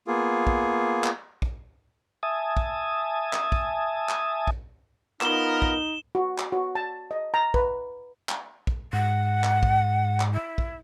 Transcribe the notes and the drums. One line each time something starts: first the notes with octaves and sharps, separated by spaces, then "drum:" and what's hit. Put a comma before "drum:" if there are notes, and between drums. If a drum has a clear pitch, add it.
A#3 B3 F4 G#4
drum: kick
drum: clap
drum: kick
E5 G#5 A5 D#6
drum: kick
drum: clap
drum: kick
drum: clap
drum: kick
B3 D#4 F4 A#4 E7 G7, drum: clap
drum: kick
F#4
drum: clap
F#4
A5
D#5
A#5
B4, drum: kick
drum: clap
drum: kick
G#2 F#5
drum: clap
drum: kick
drum: clap
E4
drum: kick